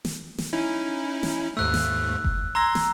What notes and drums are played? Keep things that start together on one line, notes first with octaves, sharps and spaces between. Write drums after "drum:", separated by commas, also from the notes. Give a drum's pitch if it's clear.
drum: snare
drum: snare
C#4 D#4 E4
drum: snare
D#2 G#2 A3 E6 F#6
drum: snare
drum: kick F#1
A#5 C6 E6 G#6 A#6
drum: snare